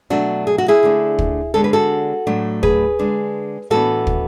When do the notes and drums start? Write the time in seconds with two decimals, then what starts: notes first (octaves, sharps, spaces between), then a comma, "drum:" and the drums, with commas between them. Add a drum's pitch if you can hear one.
0.10 B2 F#3 A3 D4 F#4
0.47 G#4
0.58 F#4
0.68 E4 G#4
0.83 D3 A3 D4
1.19 drum: kick
1.54 D3 G#3 B3 D4 A4
1.64 B4
1.73 F#4 A4
2.27 A2 F#3 A3 D4
2.63 G#4 B4, drum: kick
2.99 D3 G#3 D4
3.70 A2 E3 B3 D4 F#4 A4
4.07 drum: kick